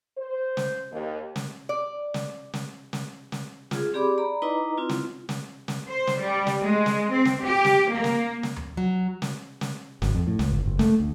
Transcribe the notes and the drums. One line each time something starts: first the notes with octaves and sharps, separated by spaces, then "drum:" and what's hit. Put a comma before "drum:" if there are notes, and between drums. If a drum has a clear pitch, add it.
C5
drum: snare
D#2
drum: snare
D5
drum: snare
drum: snare
drum: snare
drum: snare
F4 G#4, drum: snare
C4 G4 G#4 D5 B5 D6
D5 A#5 B5
D#4 E4 B4 D#5 A#5 D6
C4 E4 F4
drum: snare
drum: snare
drum: snare
C5
drum: snare
G3
drum: snare
G#3
drum: snare
C4
drum: snare
G4
drum: snare
A#3
drum: snare
drum: snare
drum: tom D2
F#3
drum: snare
drum: snare
G#1, drum: snare
F2
A2
C#2, drum: snare
G1
F#1
A3, drum: snare
D2